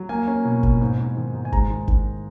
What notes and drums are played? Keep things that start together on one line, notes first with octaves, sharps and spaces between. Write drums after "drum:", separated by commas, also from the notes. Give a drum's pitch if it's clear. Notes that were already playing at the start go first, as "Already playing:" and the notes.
Already playing: F#3
A#3 G#5
C#4
B2
B2, drum: kick G#1
G#2
G#2
D#3
G#2
G#5
G#3 A#5, drum: kick G#1
D#3
D#3, drum: kick G#1